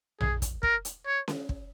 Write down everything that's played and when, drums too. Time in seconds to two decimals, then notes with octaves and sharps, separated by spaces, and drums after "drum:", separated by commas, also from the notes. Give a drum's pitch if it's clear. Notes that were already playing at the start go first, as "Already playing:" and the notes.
0.21 G#4, drum: tom A#1
0.42 drum: kick, hi-hat
0.63 A#4, drum: kick
0.85 drum: hi-hat
1.07 C#5
1.28 drum: snare C#4
1.49 drum: kick